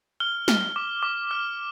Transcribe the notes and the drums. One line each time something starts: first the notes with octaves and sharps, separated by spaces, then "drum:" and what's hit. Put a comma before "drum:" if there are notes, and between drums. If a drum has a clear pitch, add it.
F6 G7
F6, drum: snare
D6
D6
F6